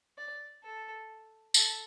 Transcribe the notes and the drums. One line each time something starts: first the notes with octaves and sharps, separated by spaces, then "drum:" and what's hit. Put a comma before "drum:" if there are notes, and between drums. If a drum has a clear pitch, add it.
D5
A4
A4, drum: tambourine